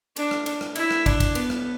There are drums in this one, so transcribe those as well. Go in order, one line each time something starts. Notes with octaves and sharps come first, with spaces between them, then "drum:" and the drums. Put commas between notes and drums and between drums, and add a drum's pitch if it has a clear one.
D4, drum: cymbal
drum: rim click
drum: cymbal
drum: rim click
E4, drum: cymbal
drum: rim click
D4, drum: kick, cymbal
drum: kick, cymbal
B3, drum: cymbal
drum: rim click